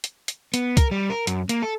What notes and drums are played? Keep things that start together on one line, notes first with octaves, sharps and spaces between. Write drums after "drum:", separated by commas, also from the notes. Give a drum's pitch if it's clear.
drum: hi-hat
drum: hi-hat
B3, drum: hi-hat
A#4, drum: kick C2, hi-hat
G3
A#4
F#2, drum: hi-hat
A#3, drum: hi-hat
A4